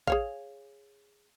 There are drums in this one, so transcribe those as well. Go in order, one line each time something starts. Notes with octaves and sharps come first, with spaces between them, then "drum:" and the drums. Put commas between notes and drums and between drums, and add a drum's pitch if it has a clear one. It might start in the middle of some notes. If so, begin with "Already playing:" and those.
G#4 C#5 F5, drum: kick A1